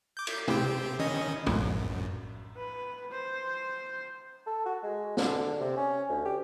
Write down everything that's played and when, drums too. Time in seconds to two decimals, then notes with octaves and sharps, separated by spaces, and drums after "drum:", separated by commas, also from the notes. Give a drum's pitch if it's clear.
0.17 D6 G6
0.27 drum: cymbal
0.48 C4 G4, drum: tom
0.99 D#3 C#4 D#5
1.46 A#1 F#2, drum: tom
2.56 B4
3.11 C5
4.46 A4
4.66 F#4
4.83 G#3
5.17 D3, drum: snare
5.60 C3
5.77 C#4
6.09 D2
6.25 G4